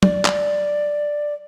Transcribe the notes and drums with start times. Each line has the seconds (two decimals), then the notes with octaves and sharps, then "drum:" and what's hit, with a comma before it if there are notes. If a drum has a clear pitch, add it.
0.03 D5, drum: tom F#3
0.25 drum: clap